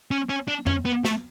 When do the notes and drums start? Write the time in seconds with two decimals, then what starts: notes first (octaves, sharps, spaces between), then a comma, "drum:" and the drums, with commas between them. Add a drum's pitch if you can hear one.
0.11 C#4
0.30 C#4
0.48 D4
0.67 C#4, drum: tom F2
0.86 B3
1.05 A3, drum: snare